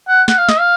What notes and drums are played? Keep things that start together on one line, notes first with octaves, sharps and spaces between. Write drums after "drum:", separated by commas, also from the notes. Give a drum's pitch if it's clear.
F#5
F#5, drum: snare
F5
D#5, drum: snare
F5